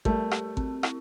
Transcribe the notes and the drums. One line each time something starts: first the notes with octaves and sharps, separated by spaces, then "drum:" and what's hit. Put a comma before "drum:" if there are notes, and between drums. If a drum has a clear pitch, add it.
G3 A3 A#4, drum: kick G#1
G4, drum: rim click
C4, drum: kick G#1
E4, drum: rim click